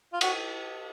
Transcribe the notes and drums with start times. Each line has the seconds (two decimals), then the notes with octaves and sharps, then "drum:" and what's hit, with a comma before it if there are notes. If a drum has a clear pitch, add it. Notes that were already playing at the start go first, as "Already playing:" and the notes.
0.13 F4
0.21 F#4, drum: cymbal